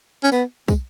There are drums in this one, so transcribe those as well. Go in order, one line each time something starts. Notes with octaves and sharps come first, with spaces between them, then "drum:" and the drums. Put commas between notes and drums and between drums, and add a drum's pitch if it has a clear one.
C#4
B3, drum: tambourine
G#3, drum: kick, tambourine